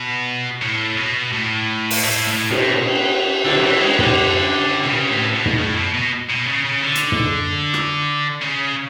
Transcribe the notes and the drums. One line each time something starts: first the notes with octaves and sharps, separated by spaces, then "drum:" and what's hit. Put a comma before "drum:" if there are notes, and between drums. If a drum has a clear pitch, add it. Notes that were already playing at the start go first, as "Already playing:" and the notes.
Already playing: B2
A2
B2
A2
drum: open hi-hat
A2
A2
B2, drum: cymbal
D3, drum: cymbal
F#3
E3
G#3
D3, drum: tom
B2
C#3
A2
B2
drum: tom
A2
B2
B2
B2
C#3
C#3
D3
drum: hi-hat
drum: tom
drum: rim click
C#3